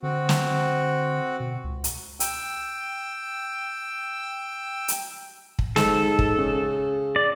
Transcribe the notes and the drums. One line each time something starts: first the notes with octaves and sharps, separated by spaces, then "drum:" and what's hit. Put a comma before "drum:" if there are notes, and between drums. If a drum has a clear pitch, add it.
D3 C4 F#4
drum: snare
B2
C#2
drum: hi-hat
G5 E6, drum: hi-hat
drum: hi-hat
drum: kick
G#2 A4, drum: snare
drum: kick
C#3
D5